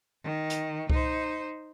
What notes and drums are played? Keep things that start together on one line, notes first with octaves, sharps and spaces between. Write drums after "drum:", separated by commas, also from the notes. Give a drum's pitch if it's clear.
D#3
drum: hi-hat
D#4 C5, drum: kick C2